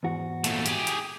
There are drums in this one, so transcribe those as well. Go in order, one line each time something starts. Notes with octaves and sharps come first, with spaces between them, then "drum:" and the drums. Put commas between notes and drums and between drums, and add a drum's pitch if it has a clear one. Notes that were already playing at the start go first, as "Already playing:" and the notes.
E2 G#2 F#4
A#2 A3, drum: hi-hat
G4 G#4, drum: hi-hat
drum: hi-hat